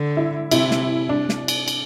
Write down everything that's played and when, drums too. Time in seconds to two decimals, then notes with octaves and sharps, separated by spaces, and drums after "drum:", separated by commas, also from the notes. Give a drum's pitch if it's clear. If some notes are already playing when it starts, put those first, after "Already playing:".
Already playing: D3
0.17 E4
0.51 C3 E4, drum: cymbal
0.71 drum: snare
1.09 D4
1.29 drum: snare
1.48 drum: cymbal
1.68 drum: cymbal